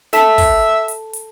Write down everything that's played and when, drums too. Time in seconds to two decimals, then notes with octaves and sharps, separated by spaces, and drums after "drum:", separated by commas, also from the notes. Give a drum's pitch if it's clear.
0.13 A4 E5 A5 B6, drum: snare
0.38 drum: kick, open hi-hat
0.88 drum: hi-hat
1.13 drum: hi-hat